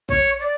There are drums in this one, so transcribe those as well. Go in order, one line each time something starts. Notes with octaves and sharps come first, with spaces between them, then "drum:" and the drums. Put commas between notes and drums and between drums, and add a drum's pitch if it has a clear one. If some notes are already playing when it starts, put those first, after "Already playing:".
C#5, drum: kick
D5